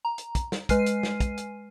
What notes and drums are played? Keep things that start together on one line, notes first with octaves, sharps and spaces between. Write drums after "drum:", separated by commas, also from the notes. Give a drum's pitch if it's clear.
A#5
drum: hi-hat
drum: kick, hi-hat
drum: snare
G#3 B4 G#5 F6 C7 D#7, drum: kick, hi-hat
drum: hi-hat
drum: snare
drum: kick, hi-hat
drum: hi-hat